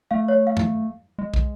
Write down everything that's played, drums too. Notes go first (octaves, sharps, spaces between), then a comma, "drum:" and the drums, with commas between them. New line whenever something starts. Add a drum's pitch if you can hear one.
A3 F5
C#5
F5
drum: tom G2
G#3
drum: kick